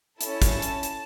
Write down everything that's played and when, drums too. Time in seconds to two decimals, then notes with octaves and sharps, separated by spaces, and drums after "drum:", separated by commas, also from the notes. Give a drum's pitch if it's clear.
0.21 C#4 E4 A4 A5, drum: hi-hat
0.42 drum: kick, hi-hat
0.62 drum: hi-hat
0.83 drum: hi-hat